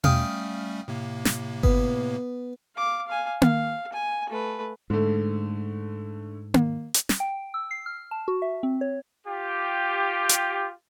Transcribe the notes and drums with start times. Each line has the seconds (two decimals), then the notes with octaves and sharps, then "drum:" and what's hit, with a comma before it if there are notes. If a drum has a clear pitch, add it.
0.04 G3 A3 C#4 F5 G5 D#6, drum: tom
0.88 A2 C3 A#3
1.25 drum: snare
1.63 B3, drum: kick G1
2.76 F5 D6
3.07 F5 G#5
3.42 F5, drum: tom A#3
3.93 G#5
4.30 A3 B4
4.90 G#2 D3 A3
6.54 drum: tom A#3
6.94 drum: hi-hat
7.09 drum: snare
7.20 G5
7.54 E6
7.71 C7
7.86 F6
8.11 A5
8.28 F#4
8.42 E5
8.63 C4
8.81 C#5
9.27 F4 G4
10.29 drum: hi-hat